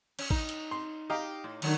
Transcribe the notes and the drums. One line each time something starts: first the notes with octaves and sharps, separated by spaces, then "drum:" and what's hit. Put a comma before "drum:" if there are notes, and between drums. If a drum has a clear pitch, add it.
C#4, drum: cymbal
D#4, drum: kick A1
drum: hi-hat
C6
G4 D#5 F5 A#5
A2
D3 D#3 F#3 A3, drum: cymbal